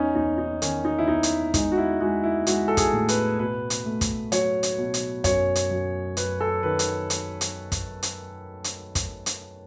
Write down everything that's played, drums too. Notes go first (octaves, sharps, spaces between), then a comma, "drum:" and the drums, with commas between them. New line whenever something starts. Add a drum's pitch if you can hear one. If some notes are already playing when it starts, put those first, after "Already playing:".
Already playing: E2 C#4 D#4
E2 D#4
D#4
D#3 C#4, drum: hi-hat
D#4
E4
E2 D#4
drum: hi-hat
G#3 D#4, drum: kick, hi-hat
F#4
E4
G#3 F#4
E4
G#3 F#4, drum: hi-hat
A4
G#4, drum: kick, hi-hat
A2
B4, drum: hi-hat
B2 B4
drum: hi-hat
A3
drum: kick, hi-hat
F#3 C#5, drum: hi-hat
drum: hi-hat
B2
drum: hi-hat
F#2 C#5, drum: kick, hi-hat
drum: hi-hat
F#2
F#2 B4, drum: hi-hat
A4
D#3 B4
drum: hi-hat
drum: hi-hat
drum: hi-hat
drum: kick, hi-hat
drum: hi-hat
drum: hi-hat
drum: kick, hi-hat
drum: hi-hat